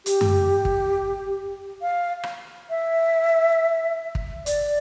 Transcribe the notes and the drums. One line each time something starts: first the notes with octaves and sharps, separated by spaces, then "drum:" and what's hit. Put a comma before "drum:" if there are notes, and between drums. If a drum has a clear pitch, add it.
G4, drum: hi-hat
drum: tom F#2
drum: kick
F5
drum: rim click
E5
drum: kick
D5, drum: hi-hat